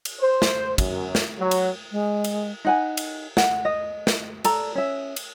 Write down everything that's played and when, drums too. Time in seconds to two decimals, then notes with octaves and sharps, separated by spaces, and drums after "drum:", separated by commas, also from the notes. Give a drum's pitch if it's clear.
0.05 drum: cymbal
0.21 C5
0.42 drum: snare
0.78 F#2, drum: kick, cymbal
1.15 drum: snare
1.39 F#3
1.51 drum: cymbal
1.91 G#3
2.24 drum: cymbal
2.65 D#4 F#5 G#5
2.97 drum: cymbal
3.37 F#5, drum: snare
3.65 D#5
4.07 drum: snare
4.45 A4 D5 A#5, drum: cymbal
4.75 C#4 E5
5.16 drum: cymbal